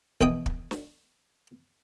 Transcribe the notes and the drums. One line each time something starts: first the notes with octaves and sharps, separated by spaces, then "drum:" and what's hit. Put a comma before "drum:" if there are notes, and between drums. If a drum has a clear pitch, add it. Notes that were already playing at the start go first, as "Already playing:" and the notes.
B1 E3 D#5 G5 D#6, drum: kick
drum: kick
drum: snare